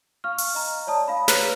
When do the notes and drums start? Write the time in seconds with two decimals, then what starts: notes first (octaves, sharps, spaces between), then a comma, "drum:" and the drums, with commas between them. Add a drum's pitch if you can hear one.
0.24 F5 C#6 F6
0.38 drum: open hi-hat
0.55 D#5 A#5
0.87 C#5 D5 A5 D#6
1.08 F5 B5
1.28 B4 C#5 A#5 F6 F#6 B6, drum: snare